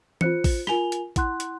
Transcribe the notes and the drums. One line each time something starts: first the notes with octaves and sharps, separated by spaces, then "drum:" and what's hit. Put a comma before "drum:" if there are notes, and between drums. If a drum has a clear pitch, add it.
F4 C5 F#6 C#7, drum: tom E3
drum: kick A1, open hi-hat
F4 A#4 G#5 F7 G7, drum: rim click
drum: hi-hat
E4 F#5 C6 F#6, drum: kick A1, hi-hat
drum: hi-hat